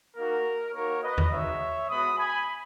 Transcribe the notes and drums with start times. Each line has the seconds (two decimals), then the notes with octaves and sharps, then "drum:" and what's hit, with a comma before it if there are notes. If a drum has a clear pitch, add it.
0.16 A#3 D#4 F#4 A#4
0.74 A#3 D#4 F#4 A#4 C#5
1.02 B4 D#5
1.18 drum: tom E2
1.31 G#3 D#4 F#4 C#5 E5
1.89 G#3 B3 F#4 B5 D#6
2.18 G#5 B5